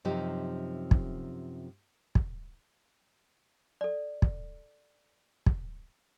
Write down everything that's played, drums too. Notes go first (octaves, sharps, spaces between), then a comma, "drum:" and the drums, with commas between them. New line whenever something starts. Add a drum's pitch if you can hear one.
F#2 C3 F3 D#4 G4
drum: kick
drum: kick
A4 D5
drum: kick
drum: kick